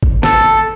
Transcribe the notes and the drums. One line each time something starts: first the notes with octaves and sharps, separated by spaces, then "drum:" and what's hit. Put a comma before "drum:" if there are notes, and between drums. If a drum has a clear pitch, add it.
drum: kick G#1
A4, drum: snare